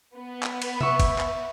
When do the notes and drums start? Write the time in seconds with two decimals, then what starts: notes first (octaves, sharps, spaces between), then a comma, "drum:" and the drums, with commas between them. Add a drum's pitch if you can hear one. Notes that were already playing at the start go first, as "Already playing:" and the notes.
0.16 B3
0.43 drum: clap
0.62 drum: cymbal
0.81 E5 C#6, drum: tom C3
1.00 drum: kick, cymbal
1.18 drum: clap